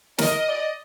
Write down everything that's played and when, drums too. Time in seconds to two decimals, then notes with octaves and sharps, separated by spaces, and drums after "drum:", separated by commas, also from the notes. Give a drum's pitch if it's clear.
0.18 A#4 D#5, drum: snare
0.48 D5